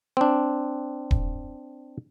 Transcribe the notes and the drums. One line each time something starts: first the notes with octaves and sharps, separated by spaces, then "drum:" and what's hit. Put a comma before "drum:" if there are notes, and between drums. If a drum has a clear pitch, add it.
C4 D4
drum: kick D#1